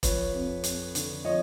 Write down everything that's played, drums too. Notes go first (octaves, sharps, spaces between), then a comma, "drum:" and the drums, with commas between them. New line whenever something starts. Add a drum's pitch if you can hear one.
F3 B4 C#5, drum: kick E1, hi-hat
F2
F2, drum: hi-hat
D3, drum: hi-hat
F3 C#5 D#5